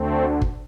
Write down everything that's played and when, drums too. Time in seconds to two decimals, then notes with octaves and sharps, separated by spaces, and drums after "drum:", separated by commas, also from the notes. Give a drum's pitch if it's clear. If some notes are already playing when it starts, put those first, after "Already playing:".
Already playing: D2 D3 A3 C4
0.42 drum: kick G1